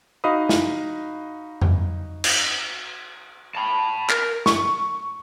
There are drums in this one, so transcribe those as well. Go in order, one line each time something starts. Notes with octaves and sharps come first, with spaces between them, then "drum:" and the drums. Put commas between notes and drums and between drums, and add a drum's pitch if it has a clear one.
D#4 F#4 D#5 F5 B5 D#6
drum: snare
drum: tom F2
drum: cymbal
A5 B5
A#4, drum: clap
C#6, drum: snare